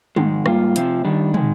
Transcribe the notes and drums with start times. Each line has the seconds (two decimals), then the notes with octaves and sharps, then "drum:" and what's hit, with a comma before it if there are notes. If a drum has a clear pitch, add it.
0.16 G#2 D#3 G#3, drum: tom
0.46 G#2 G3 A#3 F4, drum: rim click
0.76 C3 F3 C4, drum: hi-hat
1.05 D#3 G3 D4
1.34 D#3 G#3, drum: tom